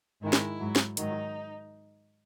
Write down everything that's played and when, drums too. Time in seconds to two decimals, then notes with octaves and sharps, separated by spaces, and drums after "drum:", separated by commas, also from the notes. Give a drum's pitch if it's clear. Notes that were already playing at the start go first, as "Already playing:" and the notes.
0.21 G#2 D#3 G#3 E4
0.33 drum: snare
0.60 G#2 F#3
0.76 drum: snare
0.97 G#2 D#3 F#3 D#4, drum: hi-hat